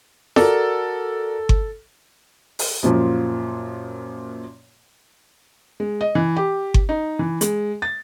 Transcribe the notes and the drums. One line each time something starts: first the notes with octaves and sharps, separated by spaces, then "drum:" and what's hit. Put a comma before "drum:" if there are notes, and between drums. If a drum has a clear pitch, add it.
F#4 A4 A#4 D5, drum: snare F4
drum: kick G1
drum: open hi-hat
F#2 A#2 F3
G#3
D#5
E3
G4
drum: kick G1
D#4
E3
G#3, drum: hi-hat
A6